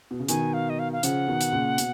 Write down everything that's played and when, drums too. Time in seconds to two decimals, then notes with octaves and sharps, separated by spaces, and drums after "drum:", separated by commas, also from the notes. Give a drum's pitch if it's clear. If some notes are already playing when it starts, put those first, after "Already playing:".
0.11 B2
0.20 C#3
0.28 B2 D#3 G#5, drum: hi-hat
0.54 F5
0.70 D#5
0.79 F5
0.93 F5
1.03 C#3 F3 F#5, drum: hi-hat
1.28 B2 D#3
1.41 drum: hi-hat
1.52 A#2 C#3
1.78 B2, drum: hi-hat